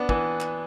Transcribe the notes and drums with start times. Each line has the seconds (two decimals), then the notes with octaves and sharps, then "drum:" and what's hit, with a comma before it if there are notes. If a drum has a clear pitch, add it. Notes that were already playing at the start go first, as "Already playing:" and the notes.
Already playing: B3 D4
0.09 E3, drum: kick
0.40 drum: clap